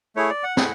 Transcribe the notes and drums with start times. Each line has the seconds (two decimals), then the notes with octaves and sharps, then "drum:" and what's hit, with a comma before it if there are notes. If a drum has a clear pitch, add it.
0.16 A3 E4 G#4 C#5
0.30 D5
0.43 F#5
0.57 A3 E4 G#4, drum: snare